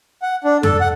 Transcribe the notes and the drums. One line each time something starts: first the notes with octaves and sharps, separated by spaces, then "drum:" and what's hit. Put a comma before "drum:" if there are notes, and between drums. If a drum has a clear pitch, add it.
F#5
D4
A4, drum: tom F2
F#5